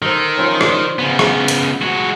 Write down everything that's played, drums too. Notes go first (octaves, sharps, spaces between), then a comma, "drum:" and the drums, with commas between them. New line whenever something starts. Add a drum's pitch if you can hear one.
D#3 D#4 A4 C5
F3 C4 C#4
D4 C5 C#5, drum: rim click
C#3 B3
drum: rim click
drum: hi-hat
G#3 F#4